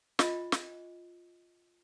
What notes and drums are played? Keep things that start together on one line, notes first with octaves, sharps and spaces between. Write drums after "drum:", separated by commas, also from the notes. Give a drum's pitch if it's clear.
F4 D#5, drum: snare
drum: snare